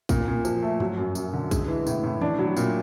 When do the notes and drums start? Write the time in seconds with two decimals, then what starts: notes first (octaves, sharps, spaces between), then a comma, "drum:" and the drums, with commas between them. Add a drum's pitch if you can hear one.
0.09 A#2, drum: kick A#1, tambourine
0.28 A#2
0.45 F3, drum: tambourine
0.63 A3
0.80 F#3, drum: tom G2
0.98 F#2
1.15 F#2, drum: tambourine
1.33 D3
1.51 G#3, drum: kick A#1, tambourine
1.68 E3
1.87 A2, drum: tambourine
2.04 A2
2.21 D4, drum: tom D#3
2.39 F#3
2.57 A#2, drum: tambourine